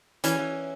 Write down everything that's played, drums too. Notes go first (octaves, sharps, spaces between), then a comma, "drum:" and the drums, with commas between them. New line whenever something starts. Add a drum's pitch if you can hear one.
E3 C#4, drum: hi-hat
E3